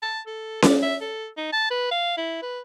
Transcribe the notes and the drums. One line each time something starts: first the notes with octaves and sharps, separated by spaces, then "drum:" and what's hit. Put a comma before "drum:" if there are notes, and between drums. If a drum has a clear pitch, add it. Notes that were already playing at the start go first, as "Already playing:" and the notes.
A5
A4
D5, drum: snare C#4
E5
A4
D#4
A5
B4
F5
E4
B4